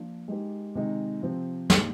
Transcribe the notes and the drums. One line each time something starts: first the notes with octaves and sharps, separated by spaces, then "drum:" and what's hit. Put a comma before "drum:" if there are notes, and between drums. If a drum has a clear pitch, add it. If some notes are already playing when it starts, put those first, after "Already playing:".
Already playing: F3 A#3 D4 F4
G#3 D#4 G4 A#4
C3 D#3 G#3 D#4
C3 F3 C4
D#3 A#3 D4 G4, drum: snare